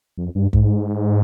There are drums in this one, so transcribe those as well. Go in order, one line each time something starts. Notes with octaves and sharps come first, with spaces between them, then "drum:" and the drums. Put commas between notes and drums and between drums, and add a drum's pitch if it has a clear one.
F2
G2
G#2, drum: kick